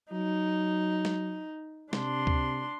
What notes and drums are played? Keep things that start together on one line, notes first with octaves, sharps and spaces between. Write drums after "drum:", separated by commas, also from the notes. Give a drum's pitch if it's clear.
F#3 D#4
drum: snare
C3 D4 C6, drum: snare
drum: kick